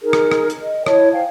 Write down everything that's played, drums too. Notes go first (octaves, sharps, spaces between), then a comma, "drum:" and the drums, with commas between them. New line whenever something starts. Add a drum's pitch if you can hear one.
D#4 G#4 A#4
drum: rim click
drum: rim click
drum: hi-hat
D#5
E4 C#5 A5, drum: rim click
C5 F5 G5 G#5